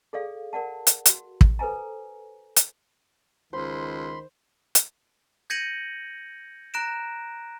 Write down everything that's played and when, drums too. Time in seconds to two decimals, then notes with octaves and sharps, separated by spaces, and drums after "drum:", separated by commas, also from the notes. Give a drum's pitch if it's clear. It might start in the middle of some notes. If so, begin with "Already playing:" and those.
0.13 G#4 A4 D5 F5
0.53 A#4 D5 F#5 A5
0.87 drum: hi-hat
1.06 F#4, drum: hi-hat
1.41 drum: kick
1.59 A4 B4 C5 G#5 A#5
2.57 drum: hi-hat
3.53 C#2 D#3 C5 B5 C6
4.75 drum: hi-hat
5.50 G6 G#6 A#6 C#7 D#7 F#7
6.74 A#5 F#6 A#6 D7 E7